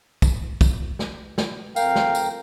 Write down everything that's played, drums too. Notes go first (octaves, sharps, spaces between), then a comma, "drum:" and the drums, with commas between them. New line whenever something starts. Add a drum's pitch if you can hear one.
drum: kick, tambourine
drum: kick, tambourine
drum: snare
drum: snare
F2 A#4 F5 G5, drum: tambourine
drum: snare
drum: tambourine